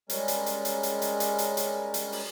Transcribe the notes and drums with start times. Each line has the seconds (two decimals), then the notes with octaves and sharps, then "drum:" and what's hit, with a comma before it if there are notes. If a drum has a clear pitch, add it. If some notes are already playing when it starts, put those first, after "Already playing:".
0.10 G3 G#3 C#4 A#4, drum: hi-hat
0.28 drum: hi-hat
0.46 drum: hi-hat
0.65 drum: hi-hat
0.83 drum: hi-hat
1.02 drum: hi-hat
1.20 drum: hi-hat
1.39 drum: hi-hat
1.57 drum: hi-hat
1.94 drum: hi-hat
2.12 drum: open hi-hat